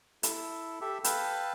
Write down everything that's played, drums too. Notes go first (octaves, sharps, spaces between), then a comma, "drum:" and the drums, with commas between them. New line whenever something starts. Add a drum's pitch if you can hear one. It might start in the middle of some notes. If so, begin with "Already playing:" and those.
E4 A4, drum: hi-hat
G4 A4 E5
A4 B4 F5 G5 A5 B5, drum: hi-hat